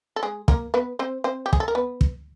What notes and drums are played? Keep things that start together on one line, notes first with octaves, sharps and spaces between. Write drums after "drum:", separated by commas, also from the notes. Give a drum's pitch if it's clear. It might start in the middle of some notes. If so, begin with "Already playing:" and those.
A4
G#3 G#4
A#3 A#4, drum: kick
B3 B4
C4 C5
C4 C5
G4
G#4, drum: kick
A4
A#4
B3 B4
drum: kick